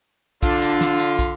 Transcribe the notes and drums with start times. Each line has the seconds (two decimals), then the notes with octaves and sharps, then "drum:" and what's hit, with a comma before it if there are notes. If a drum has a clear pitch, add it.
0.43 D3 D4 F4, drum: kick, hi-hat
0.62 drum: hi-hat
0.81 drum: snare
1.00 drum: hi-hat
1.19 drum: kick, hi-hat